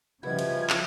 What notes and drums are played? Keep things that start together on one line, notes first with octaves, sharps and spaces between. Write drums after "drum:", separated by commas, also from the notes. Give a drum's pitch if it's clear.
C#3 F3 G3 E4 F#4 B4 D#5 G#6
drum: cymbal
drum: clap